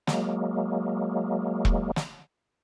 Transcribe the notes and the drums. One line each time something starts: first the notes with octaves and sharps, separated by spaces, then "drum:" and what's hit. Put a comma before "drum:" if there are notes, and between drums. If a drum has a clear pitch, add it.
F#3 G#3 A#3, drum: snare
drum: kick E1
drum: snare